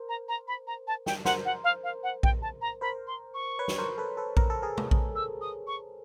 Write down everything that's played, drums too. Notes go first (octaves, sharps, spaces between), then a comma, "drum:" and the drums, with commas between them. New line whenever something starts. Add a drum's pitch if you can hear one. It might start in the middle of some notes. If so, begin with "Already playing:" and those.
Already playing: A#4 C5
A#5
A#5
B5
A#5
A5
G5, drum: snare
A#4 C5 F#5, drum: snare
F#5
F5
F5
F#5
G5, drum: kick A#1
A5
A#5
A#4 C5 B5
C6
C#6
B4 C#5
drum: snare
A#4 C5
A4 B4
A4 B4
A#4, drum: kick A#1
A4
G#4 A#4
drum: tom C3
drum: kick A#1
E6
D#6
C#6